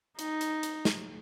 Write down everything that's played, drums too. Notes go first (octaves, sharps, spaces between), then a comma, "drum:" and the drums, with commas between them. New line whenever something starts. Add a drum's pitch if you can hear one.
D#4, drum: hi-hat
drum: hi-hat
drum: hi-hat
drum: snare